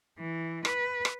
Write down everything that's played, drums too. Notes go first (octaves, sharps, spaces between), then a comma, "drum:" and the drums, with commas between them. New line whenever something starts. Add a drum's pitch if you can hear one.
E3
B4, drum: rim click
drum: rim click